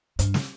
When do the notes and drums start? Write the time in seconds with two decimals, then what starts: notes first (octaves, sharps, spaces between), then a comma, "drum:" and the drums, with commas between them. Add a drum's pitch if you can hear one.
0.19 G2, drum: hi-hat
0.34 drum: snare